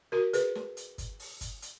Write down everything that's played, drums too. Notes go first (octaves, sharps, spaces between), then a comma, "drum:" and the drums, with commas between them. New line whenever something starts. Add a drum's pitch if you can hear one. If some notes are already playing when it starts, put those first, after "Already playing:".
F#4 A#4
G#4 B4, drum: hi-hat
drum: snare
drum: hi-hat
drum: kick G1, hi-hat
drum: open hi-hat
drum: kick G1, hi-hat
drum: hi-hat